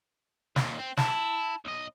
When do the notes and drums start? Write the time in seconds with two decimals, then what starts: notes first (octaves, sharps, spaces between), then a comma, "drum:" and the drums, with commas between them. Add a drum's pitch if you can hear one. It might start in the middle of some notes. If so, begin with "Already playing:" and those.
0.56 D#2 A#2, drum: snare
0.79 C4
0.97 E4 A5, drum: snare
1.65 B1 D#5